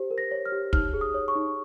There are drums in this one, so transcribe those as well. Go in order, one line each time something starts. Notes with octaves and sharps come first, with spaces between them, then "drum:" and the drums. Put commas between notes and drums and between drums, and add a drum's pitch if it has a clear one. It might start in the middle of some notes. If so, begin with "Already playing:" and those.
Already playing: G4 C5
A#4
A#6
C#5
F6
G4
D#4 F6, drum: kick
G#4
D#6
C#5
C#6
D#4